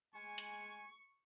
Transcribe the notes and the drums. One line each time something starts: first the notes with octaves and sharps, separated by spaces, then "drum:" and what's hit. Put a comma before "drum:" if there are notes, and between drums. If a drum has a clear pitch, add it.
G#3 G#5 C#6
drum: hi-hat